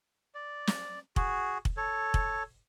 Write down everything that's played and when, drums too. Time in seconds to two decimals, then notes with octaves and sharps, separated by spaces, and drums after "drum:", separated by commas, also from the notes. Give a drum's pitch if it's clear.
0.34 D5
0.67 drum: snare
1.16 F#4 G#4, drum: kick
1.65 drum: kick
1.77 A4 C#5
2.14 drum: kick